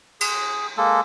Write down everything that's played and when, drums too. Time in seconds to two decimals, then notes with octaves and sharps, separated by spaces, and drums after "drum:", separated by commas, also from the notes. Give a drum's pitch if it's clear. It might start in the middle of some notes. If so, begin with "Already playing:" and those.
0.21 G#4, drum: cymbal
0.77 G#3 A#3 A4